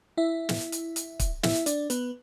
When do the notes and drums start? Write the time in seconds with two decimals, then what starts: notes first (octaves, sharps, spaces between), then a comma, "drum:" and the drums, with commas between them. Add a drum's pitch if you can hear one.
0.17 E4 E5
0.49 drum: snare
0.72 drum: hi-hat
0.96 drum: hi-hat
1.20 drum: kick, hi-hat
1.43 E4 E5, drum: snare
1.66 D4 D5, drum: hi-hat
1.90 B3 B4, drum: hi-hat